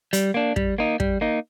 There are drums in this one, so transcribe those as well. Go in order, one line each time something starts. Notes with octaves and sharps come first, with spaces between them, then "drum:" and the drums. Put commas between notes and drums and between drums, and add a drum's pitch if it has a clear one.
G3, drum: hi-hat
A#3 D4
G3, drum: kick
A#3 D#4
G3, drum: kick
A#3 D#4